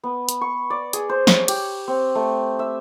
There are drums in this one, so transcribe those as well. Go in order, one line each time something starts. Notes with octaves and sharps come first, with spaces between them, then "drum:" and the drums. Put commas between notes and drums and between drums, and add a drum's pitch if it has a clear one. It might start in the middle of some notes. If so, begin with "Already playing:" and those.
B3
drum: hi-hat
C#6
D5
G#4, drum: hi-hat
C5
C#5, drum: snare
G4, drum: cymbal
C4
A3
E5